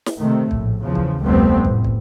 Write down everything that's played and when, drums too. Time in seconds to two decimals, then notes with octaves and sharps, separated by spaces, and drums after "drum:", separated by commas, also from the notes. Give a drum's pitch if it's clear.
0.06 drum: snare
0.19 C3 D#3 A3
0.51 A#1 A2, drum: kick
0.82 E2 C#3 F3
0.95 drum: kick
1.22 F1 D2 G3 A3 B3 C4
1.65 A2, drum: kick
1.84 drum: kick